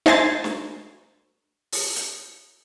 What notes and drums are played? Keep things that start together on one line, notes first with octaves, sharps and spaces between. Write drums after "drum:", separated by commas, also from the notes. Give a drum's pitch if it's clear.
D#4 C5 E5 G#5 C6 A6, drum: snare
drum: snare
drum: open hi-hat
drum: hi-hat